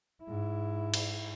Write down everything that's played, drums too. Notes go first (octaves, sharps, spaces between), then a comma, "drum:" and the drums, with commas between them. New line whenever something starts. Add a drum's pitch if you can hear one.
G#2 E4
drum: cymbal